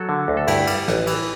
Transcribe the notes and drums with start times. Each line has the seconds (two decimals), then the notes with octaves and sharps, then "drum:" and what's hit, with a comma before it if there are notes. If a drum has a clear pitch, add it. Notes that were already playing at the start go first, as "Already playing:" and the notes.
Already playing: F#3 F#4 A4
0.09 D3
0.28 D2
0.37 A4
0.47 G2 E4 G4, drum: cymbal
0.67 G3, drum: cymbal
0.88 A1, drum: snare
1.07 E3, drum: cymbal